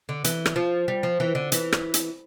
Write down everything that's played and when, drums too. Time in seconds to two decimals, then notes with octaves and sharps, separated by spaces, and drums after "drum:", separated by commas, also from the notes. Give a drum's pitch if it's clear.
0.09 D3
0.24 E3, drum: hi-hat
0.46 drum: rim click
0.56 F3
0.88 G3
1.03 F3
1.20 E3
1.35 D3
1.52 E3, drum: hi-hat
1.72 drum: rim click
1.94 drum: hi-hat